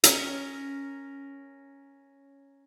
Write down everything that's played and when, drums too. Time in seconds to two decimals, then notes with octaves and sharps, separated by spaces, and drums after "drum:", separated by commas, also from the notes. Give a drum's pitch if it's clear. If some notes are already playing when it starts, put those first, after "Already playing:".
0.04 C#4 A#4, drum: hi-hat